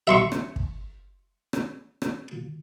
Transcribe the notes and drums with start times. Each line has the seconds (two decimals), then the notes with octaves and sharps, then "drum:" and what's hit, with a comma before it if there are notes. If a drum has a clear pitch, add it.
0.07 E5 C6 C#6
0.32 drum: rim click
0.56 drum: kick
1.53 drum: rim click
2.02 drum: rim click